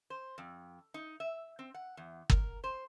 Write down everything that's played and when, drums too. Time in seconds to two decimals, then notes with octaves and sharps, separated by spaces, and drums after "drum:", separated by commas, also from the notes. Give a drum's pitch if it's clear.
0.10 C5
0.38 F2
0.94 D#4
1.20 E5
1.59 C4
1.74 F#5
1.97 E2
2.30 A#4, drum: kick
2.64 C5